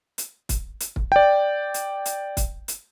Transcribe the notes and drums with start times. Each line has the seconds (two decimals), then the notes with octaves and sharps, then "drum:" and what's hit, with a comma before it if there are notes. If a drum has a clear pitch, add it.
0.18 drum: hi-hat
0.49 drum: kick, hi-hat
0.80 drum: hi-hat
0.96 drum: kick
1.12 D5 G5
1.74 drum: hi-hat
2.05 drum: hi-hat
2.37 drum: kick, hi-hat
2.68 drum: hi-hat